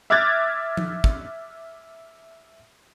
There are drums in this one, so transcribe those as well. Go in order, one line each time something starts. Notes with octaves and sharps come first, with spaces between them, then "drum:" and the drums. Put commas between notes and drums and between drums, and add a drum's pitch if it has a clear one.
E5 D6 F6 F#6 G#6 A6
drum: tom F3
drum: kick